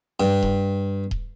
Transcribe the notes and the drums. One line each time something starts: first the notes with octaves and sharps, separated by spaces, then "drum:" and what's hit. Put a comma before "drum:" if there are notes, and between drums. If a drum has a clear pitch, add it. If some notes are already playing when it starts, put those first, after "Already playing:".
G2
drum: kick D#1
drum: kick D#1